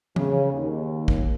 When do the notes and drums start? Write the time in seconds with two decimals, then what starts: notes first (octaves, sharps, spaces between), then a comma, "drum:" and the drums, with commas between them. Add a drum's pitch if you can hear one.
0.16 C#3, drum: tom E3
0.52 D#2
1.08 drum: kick